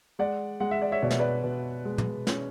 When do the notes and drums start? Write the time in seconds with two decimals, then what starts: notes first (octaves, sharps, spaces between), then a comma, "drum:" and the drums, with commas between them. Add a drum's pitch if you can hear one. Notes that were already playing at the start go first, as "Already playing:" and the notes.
0.19 G#3 D5 F#5
0.60 G#3 F#5
0.71 E5
0.82 D5
0.92 C#5 E5
1.02 B2 D5
1.10 E5, drum: snare
1.19 B4 D5
1.44 B2
1.85 G#3
1.98 drum: tom
2.27 C#4, drum: snare